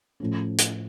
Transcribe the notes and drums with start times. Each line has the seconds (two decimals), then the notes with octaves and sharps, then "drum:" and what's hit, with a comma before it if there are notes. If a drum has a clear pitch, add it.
0.20 A2 F3 A3 C#4
0.59 drum: hi-hat